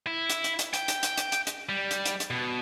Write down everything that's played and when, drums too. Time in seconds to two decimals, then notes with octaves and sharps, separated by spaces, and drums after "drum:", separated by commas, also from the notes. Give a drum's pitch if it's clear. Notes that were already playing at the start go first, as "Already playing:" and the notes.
0.07 E4
0.30 drum: hi-hat
0.44 drum: hi-hat
0.59 drum: hi-hat
0.74 G5, drum: hi-hat
0.88 drum: hi-hat
1.03 drum: hi-hat
1.18 drum: hi-hat
1.32 drum: hi-hat
1.47 drum: hi-hat
1.69 G3
1.91 drum: hi-hat
2.05 drum: hi-hat
2.20 drum: hi-hat
2.31 B2